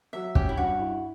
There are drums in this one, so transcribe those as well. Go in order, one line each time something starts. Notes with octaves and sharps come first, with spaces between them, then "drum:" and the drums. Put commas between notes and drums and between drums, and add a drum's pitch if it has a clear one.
F#3 E5
C#4 G4, drum: kick
E4
G2 F#4
E4